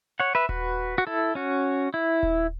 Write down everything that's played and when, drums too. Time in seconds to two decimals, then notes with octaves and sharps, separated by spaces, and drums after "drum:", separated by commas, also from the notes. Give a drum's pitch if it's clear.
0.20 C#5 F#5
0.35 B4 E5
0.49 F#4 B4, drum: kick D#1
0.98 F#4
1.07 E4 A4
1.35 C#4 F#4
1.94 E4
2.23 drum: kick D#1